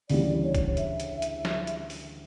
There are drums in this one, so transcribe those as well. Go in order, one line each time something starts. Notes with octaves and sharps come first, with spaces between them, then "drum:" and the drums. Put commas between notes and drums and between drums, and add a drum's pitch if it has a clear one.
D2 C#3 E3 G3 D5, drum: open hi-hat
C#5
drum: kick, hi-hat
E5, drum: hi-hat
drum: hi-hat
drum: hi-hat
drum: snare
drum: hi-hat
drum: open hi-hat